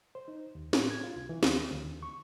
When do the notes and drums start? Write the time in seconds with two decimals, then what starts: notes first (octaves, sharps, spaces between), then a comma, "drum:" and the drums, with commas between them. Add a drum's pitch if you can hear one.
0.15 C5
0.28 D#4
0.55 D#2
0.73 A2, drum: snare
0.90 G#6
1.04 F4
1.16 C2
1.29 E3
1.43 D#2, drum: snare
1.71 D2
1.85 D#2
2.03 C#6